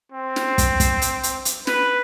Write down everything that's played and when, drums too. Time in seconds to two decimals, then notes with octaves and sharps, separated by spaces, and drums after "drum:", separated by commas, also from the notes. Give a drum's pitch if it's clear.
0.12 C4
0.36 drum: snare
0.58 drum: kick, hi-hat
0.80 drum: kick, hi-hat
1.02 drum: hi-hat
1.23 drum: hi-hat
1.45 drum: hi-hat
1.67 B4, drum: snare